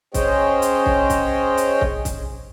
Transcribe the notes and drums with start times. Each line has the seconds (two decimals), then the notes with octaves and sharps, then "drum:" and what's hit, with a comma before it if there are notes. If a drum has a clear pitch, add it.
0.14 C#4 G#4 C5 C#5 D#5 G5, drum: kick, hi-hat
0.62 drum: hi-hat
0.86 drum: kick
1.10 drum: kick, hi-hat
1.57 drum: hi-hat
1.81 drum: kick
2.05 drum: kick, hi-hat